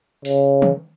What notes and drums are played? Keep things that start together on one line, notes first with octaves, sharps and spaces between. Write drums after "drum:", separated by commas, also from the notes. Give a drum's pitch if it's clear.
C#3, drum: open hi-hat
drum: tom